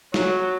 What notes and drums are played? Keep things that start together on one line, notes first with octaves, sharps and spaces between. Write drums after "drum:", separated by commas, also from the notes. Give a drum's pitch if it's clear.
F#3, drum: snare